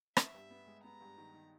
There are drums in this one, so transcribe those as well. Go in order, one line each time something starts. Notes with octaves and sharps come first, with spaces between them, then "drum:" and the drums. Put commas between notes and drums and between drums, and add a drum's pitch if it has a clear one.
B3 E5, drum: rim click
G2
B3
G#3
B3 A#5
G2
D#3
D#3